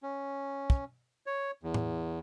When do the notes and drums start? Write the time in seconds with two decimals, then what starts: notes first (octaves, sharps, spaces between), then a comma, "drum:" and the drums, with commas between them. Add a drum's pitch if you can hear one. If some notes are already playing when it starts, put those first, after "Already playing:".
0.03 C#4
0.70 drum: kick
1.26 C#5
1.63 E2
1.74 drum: tom A2